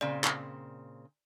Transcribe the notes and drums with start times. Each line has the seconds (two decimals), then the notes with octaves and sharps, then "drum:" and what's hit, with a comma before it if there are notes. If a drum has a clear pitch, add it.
0.01 A#2 C#3 C4 D5
0.24 drum: clap